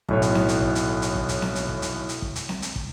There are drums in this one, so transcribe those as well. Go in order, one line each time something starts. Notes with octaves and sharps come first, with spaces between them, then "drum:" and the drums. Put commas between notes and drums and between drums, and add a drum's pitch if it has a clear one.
B1 A2 C#5, drum: kick
drum: hi-hat
drum: snare C4
drum: hi-hat
drum: kick
drum: hi-hat
drum: hi-hat
drum: kick
drum: hi-hat
drum: snare C4
drum: hi-hat
drum: kick
drum: hi-hat
drum: hi-hat
drum: kick
drum: hi-hat
drum: snare C4
drum: hi-hat
drum: kick